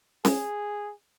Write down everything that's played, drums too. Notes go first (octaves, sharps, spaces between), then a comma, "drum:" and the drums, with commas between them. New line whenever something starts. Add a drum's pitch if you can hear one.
G#4, drum: snare C#4